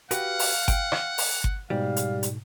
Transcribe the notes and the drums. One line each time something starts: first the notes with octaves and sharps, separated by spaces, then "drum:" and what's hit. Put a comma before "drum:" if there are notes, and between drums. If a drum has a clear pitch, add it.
F#4 G4 B4 F5 F#5, drum: hi-hat
drum: open hi-hat
G5, drum: kick G1, hi-hat
drum: rim click
drum: open hi-hat
drum: kick G1
G#2 B2 G3 F5
drum: hi-hat
drum: hi-hat